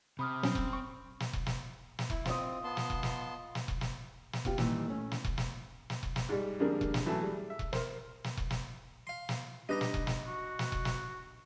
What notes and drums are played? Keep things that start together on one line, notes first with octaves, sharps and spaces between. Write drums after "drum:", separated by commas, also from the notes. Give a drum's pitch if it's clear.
C3 B5 D#6 F6
F#3 C4 C#4, drum: snare
drum: kick E1
C#6
drum: snare
drum: kick E1
drum: snare
drum: snare
E4, drum: kick E1
C4 F4 D#5, drum: snare
B3 A5 C6
drum: snare
drum: kick E1
drum: snare
drum: snare
drum: kick E1
drum: snare
drum: snare
B3 F4 G4, drum: kick E1
A#2 D#3 E3 G3, drum: snare
A3 C#4
drum: snare
drum: kick E1
drum: snare
drum: snare
drum: kick E1
drum: snare
G#2 G3
F2 D3 G3 A#3 G#4 A#4
drum: kick E1
drum: snare
E3 F#3 A3 A5
G3 G#4
E5
drum: kick E1
A#4 C5, drum: snare
drum: snare
drum: kick E1
drum: snare
F5 C6
drum: snare
G3 D4 D#4 B4 D#5 A#5
drum: snare
drum: kick E1
drum: snare
F#4
drum: snare
drum: kick E1
drum: snare